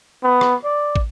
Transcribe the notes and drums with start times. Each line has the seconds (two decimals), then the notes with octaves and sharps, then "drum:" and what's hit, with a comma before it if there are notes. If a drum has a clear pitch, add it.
0.23 B3
0.41 drum: rim click
0.64 D5
0.96 drum: kick